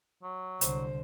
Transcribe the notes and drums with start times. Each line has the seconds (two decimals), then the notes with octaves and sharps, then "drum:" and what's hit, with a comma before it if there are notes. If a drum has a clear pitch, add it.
0.23 F#3
0.61 C2 D3 C5, drum: hi-hat